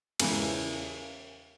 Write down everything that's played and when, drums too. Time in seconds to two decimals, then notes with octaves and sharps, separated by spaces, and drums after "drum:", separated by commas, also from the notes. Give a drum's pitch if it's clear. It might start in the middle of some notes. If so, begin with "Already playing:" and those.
0.20 E2 C#3 E3, drum: cymbal